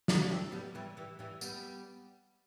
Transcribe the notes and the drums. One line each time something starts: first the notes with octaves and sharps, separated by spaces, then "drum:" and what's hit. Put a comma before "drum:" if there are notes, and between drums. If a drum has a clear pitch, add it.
drum: snare
D4
A3 C4
G3 B3
E3 G3
E3 G3
E3 G3
G3 B3, drum: tambourine